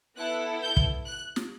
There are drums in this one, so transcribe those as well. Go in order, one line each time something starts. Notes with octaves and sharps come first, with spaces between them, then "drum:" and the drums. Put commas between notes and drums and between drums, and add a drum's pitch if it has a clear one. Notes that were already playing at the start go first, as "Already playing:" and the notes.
B3 E4 A4 F#6
G6
drum: kick
F#6
drum: snare